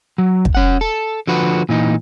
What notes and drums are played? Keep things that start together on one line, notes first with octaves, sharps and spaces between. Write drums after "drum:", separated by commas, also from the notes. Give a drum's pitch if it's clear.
F#3
drum: kick
C#4 F#5
A4
D3 F3 F#4 B4
A#2 E3 D#4